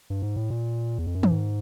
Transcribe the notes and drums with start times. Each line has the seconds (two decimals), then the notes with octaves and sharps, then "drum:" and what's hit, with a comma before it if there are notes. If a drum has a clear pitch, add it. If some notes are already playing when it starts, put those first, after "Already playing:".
0.10 G2
0.22 G#2
0.36 A2
0.50 A#2
0.98 E2
1.07 F2
1.15 F#2
1.23 G2, drum: tom D#3
1.32 G#2